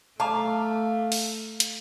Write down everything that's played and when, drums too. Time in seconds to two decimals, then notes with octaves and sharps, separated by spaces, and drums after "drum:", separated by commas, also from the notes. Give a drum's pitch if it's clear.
0.20 A3 F5 A5 A#5 D6
1.12 drum: open hi-hat
1.60 drum: hi-hat